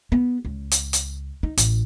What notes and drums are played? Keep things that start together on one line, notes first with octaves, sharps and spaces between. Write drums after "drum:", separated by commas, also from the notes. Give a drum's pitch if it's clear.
B3
C#2
drum: hi-hat
drum: hi-hat
D#4
A1, drum: hi-hat